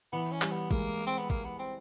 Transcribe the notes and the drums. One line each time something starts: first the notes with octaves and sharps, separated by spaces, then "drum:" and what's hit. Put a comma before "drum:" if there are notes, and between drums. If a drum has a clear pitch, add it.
E3 B3
C#4
G3, drum: clap
B3
G#3 A#3, drum: kick A1
C4
B3
A#3, drum: kick A1
B3
C4